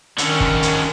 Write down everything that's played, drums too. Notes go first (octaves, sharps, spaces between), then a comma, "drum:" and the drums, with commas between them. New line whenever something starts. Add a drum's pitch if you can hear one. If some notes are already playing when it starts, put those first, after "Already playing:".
D3 D#3 C#4, drum: hi-hat
drum: kick
drum: hi-hat